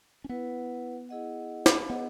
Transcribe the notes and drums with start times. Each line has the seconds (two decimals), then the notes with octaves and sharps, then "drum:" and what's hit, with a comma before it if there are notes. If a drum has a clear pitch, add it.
0.24 C#4
0.29 B3 E4 B4 F#5
1.09 E4 G#4 D#5 F#5
1.66 drum: snare
1.89 B3 E4 G#4 D#5 F#5